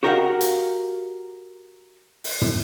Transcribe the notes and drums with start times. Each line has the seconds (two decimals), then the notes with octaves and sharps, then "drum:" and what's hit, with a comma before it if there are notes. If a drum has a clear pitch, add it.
0.03 F#4 G4 A#4 D#5 F5 F#5
0.41 drum: hi-hat
2.24 drum: open hi-hat
2.42 drum: tom